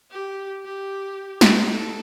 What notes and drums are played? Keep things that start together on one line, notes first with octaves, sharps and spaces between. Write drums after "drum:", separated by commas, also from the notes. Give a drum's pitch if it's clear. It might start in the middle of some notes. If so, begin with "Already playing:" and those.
G4
G4
drum: snare
A4